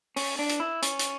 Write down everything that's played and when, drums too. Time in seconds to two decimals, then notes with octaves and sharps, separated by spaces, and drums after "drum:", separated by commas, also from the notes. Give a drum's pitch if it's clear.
0.16 C#4, drum: open hi-hat
0.39 D4
0.49 drum: hi-hat
0.60 E4
0.82 C#4, drum: hi-hat
0.99 drum: hi-hat